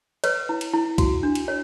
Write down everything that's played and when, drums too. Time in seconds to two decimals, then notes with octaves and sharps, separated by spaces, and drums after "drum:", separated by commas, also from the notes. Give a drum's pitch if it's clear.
0.24 B4 C#5, drum: cymbal
0.49 E4
0.61 drum: cymbal
0.74 E4
0.98 F#4, drum: kick, cymbal
1.23 D4
1.35 drum: cymbal
1.48 C#5